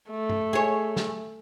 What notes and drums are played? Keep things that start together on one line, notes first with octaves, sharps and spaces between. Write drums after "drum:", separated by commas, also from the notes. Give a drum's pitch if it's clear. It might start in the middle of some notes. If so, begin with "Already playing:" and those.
A3
drum: tom G2
G#4 C#5
drum: snare